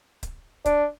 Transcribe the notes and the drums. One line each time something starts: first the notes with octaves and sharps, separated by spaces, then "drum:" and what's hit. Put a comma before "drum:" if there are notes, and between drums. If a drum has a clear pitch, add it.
drum: kick C#1, hi-hat
D4, drum: kick C#1, hi-hat